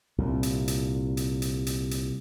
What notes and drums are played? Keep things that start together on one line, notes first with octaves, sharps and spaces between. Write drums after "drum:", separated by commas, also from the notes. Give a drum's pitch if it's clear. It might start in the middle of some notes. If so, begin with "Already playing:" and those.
C2 A#2
drum: hi-hat
drum: hi-hat
drum: hi-hat
drum: hi-hat
drum: hi-hat
drum: hi-hat